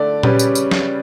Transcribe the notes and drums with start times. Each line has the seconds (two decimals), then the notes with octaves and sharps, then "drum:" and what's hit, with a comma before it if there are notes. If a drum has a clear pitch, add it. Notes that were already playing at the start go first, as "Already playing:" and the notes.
Already playing: D3 A3 D5
0.23 C#3 G3 C#4 G4 B4, drum: tom A#2
0.39 drum: tambourine
0.55 drum: tambourine
0.71 drum: snare